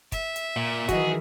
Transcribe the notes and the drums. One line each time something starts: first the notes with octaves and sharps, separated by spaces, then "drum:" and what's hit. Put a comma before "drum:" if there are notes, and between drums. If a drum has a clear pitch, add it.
E5, drum: kick, hi-hat
drum: hi-hat
A#2
D#3 E3 F#3 F#4 G#4 D#5, drum: kick, hi-hat